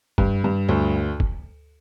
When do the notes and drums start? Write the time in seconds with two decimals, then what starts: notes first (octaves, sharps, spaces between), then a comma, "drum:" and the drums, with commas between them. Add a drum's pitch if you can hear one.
0.18 G2, drum: kick
0.44 G2
0.69 D2
1.20 drum: kick